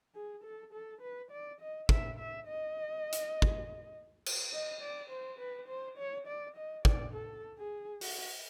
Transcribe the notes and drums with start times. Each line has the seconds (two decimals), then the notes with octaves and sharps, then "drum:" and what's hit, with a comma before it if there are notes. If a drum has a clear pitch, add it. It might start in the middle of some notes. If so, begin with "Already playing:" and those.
0.15 G#4
0.43 A4
0.73 A4
1.01 B4
1.31 D5
1.60 D#5
1.89 E5, drum: kick
2.19 E5
2.47 D#5
3.13 drum: hi-hat
3.42 drum: kick
4.26 drum: cymbal
4.52 D#5
4.81 D5
5.10 C5
5.39 B4
5.68 C5
5.97 C#5
6.27 D5
6.56 D#5
6.85 D5, drum: kick
7.13 A4
7.58 G#4
8.01 F#4, drum: open hi-hat